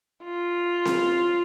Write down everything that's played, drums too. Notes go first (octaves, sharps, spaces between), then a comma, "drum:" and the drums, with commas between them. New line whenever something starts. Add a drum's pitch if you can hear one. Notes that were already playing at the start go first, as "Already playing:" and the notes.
F4
drum: snare C4